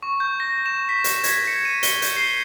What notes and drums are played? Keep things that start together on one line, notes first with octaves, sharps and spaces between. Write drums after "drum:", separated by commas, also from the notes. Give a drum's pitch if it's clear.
C#6
G6
A#6
E7
B6
drum: hi-hat
G#6, drum: hi-hat
C#7
D#7
G7, drum: hi-hat
G6, drum: hi-hat
C7